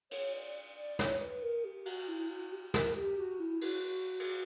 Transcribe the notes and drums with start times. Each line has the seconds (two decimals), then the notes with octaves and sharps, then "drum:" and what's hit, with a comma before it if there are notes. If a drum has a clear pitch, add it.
0.11 C#5, drum: cymbal
0.33 D5
0.76 D5
0.99 C#5, drum: snare
1.20 B4
1.42 A#4
1.64 G4
1.85 F#4, drum: cymbal
2.08 E4
2.30 F#4
2.52 G4
2.74 A#4, drum: snare
2.95 G4
3.18 F#4
3.40 E4
3.61 F#4, drum: cymbal
4.20 drum: cymbal